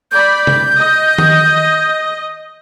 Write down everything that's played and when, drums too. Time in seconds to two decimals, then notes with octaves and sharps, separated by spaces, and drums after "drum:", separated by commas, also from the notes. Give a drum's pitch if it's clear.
0.12 D5 B5 G6
0.47 drum: tom
0.77 D#5
1.18 drum: tom D#3